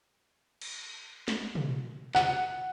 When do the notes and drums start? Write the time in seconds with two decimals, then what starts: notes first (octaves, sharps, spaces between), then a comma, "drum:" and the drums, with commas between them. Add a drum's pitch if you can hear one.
0.61 drum: cymbal
1.28 drum: snare
1.55 drum: tom
2.15 F#5, drum: clap